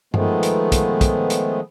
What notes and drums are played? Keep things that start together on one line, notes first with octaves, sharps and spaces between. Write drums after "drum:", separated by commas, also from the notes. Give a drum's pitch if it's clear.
D#3 F3 G#3 A3 B3, drum: tom G2
drum: hi-hat
drum: kick, hi-hat
drum: kick, hi-hat
drum: hi-hat